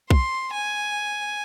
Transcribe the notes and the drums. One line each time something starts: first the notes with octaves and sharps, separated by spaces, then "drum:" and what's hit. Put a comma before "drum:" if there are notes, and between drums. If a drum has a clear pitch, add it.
C6, drum: kick B1
G#5